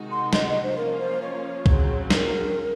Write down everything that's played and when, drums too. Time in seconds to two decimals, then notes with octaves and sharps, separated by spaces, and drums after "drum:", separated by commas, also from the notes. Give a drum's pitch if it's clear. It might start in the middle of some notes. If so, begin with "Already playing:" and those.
Already playing: C3 D#3 G#3 D#4 F#4
0.11 C6
0.33 D#5, drum: snare
0.47 D#5
0.62 C5
0.76 F3 A#3 C#4 F4 A#4
0.99 C5
1.21 C#5
1.66 C#3 F#3 C4, drum: kick
2.10 A#4, drum: snare